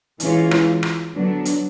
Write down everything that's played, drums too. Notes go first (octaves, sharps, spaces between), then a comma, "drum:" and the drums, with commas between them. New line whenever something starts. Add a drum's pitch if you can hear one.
E3 G#3 C#4 F4, drum: hi-hat
drum: rim click
drum: rim click
D3 F#3 B3 D4
drum: hi-hat